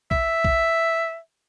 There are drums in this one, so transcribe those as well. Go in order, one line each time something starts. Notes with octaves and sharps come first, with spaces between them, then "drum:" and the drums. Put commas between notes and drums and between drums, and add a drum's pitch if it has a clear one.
E5, drum: kick
drum: kick